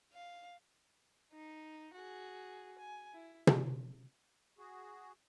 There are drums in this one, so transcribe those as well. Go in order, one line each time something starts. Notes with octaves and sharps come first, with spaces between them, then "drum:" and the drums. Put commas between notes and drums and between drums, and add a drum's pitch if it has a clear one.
F5
D#4
F#4 G#4
G#5
E4
drum: tom
F#4 G#4